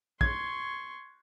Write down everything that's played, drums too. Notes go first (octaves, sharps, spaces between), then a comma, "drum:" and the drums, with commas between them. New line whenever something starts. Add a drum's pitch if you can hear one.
C6 C#6 G#6, drum: kick